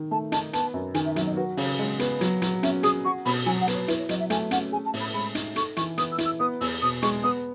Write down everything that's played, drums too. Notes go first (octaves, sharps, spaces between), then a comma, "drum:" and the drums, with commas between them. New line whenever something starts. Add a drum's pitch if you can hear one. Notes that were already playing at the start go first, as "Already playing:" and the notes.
Already playing: D#3
A3 A5
D#4 A5, drum: hi-hat
B3 A5, drum: hi-hat
F#2
D#3 G#5, drum: hi-hat
E5
F#3 E5, drum: hi-hat
D#5
F#4 B4
C#3 C#5, drum: open hi-hat
G#3
B3, drum: hi-hat
F#3, drum: hi-hat
F#3, drum: hi-hat
C#4 E5, drum: hi-hat
G#4 D#6, drum: hi-hat
F#4 C#6
B2 B5, drum: open hi-hat
F#3 G#5
F#5
B3, drum: hi-hat
C#5
E4 B4, drum: hi-hat
C#5
F#3 D#5, drum: hi-hat
E5
A3 G#5, drum: hi-hat
C#4 F#5, drum: hi-hat
G#4 G#5
A5
A2, drum: open hi-hat
B5
G#3 B5
D#4, drum: hi-hat
A4 C#6, drum: hi-hat
E3 C#6, drum: hi-hat
B3 D#6, drum: hi-hat
E6
E4, drum: hi-hat
E6
B3 D#6
E2 E6, drum: open hi-hat
B2 D#6
G#3 C#6, drum: hi-hat
B3 D#6